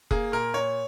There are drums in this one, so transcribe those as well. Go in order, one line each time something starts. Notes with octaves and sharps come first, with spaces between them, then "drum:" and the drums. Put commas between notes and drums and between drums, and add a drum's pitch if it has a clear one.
A#3 G#4, drum: kick F1
A#2 A#4
A#2 C#5